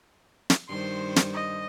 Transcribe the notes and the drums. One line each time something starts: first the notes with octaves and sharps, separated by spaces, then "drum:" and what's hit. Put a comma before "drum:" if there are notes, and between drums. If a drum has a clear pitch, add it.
drum: snare
G2 D#3 C5 C6
drum: snare
D#5